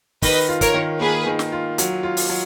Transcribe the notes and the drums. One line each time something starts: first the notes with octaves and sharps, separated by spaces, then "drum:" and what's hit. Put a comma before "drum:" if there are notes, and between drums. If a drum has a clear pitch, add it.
D#3 B4 D#5, drum: kick, open hi-hat
F4
A#4 C#5, drum: kick, hi-hat
D#3
A#3 G#4 B4
D#3
drum: snare
F4
F#3, drum: hi-hat
F4
drum: open hi-hat
F#3